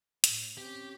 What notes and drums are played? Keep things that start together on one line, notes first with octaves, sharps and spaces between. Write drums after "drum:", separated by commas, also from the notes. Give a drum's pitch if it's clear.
A2, drum: hi-hat
C4 C#4 G4